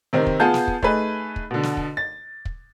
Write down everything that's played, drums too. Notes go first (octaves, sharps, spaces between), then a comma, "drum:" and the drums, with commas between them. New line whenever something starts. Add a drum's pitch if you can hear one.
C3 D#3 C4
drum: kick
B3 F4 G#4 A5 G6
drum: snare
drum: kick
A3 D#4 G#4 B4, drum: kick
drum: kick
B2 D3
drum: snare
drum: kick
A6
drum: kick